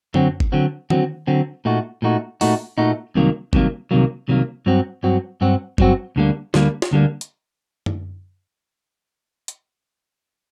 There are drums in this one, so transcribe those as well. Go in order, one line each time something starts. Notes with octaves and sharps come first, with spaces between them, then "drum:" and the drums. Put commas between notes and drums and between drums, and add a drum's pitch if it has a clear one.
D3 F#3 C4 F#4, drum: tom F#2
drum: kick G1
D3 F#3 C4 F#4
D3 F#3 C4 F#4, drum: tom D#3
D3 F#3 C4 F#4
A#2 A3 D#4 F#4
A#2 A3 D#4 F#4
A#2 A3 D#4 F#4, drum: open hi-hat
A#2 A3 D#4 F#4
C2 C3 D#3 F#3 A#3
C2 C3 D#3 F#3 A#3, drum: kick G1
C2 C3 D#3 F#3 A#3
C2 C3 D#3 F#3 A#3
G2 F#3 C4 F#4
G2 F#3 C4 F#4
G2 F#3 C4 F#4
G2 F#3 C4 F#4, drum: kick G1
D2 D3 G3 A#3
D2 D3 G3 A#3, drum: snare
drum: snare
D2 D3 G3 A#3
drum: hi-hat
drum: tom F#2
drum: hi-hat